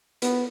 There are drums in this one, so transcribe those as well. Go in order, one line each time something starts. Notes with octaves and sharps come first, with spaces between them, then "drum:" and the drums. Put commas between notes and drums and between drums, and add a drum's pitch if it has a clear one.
B3, drum: hi-hat